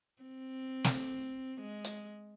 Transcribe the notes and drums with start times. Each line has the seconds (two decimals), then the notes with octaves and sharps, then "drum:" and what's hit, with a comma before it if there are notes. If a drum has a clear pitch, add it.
0.23 C4
0.84 drum: snare
1.61 G#3
1.85 drum: hi-hat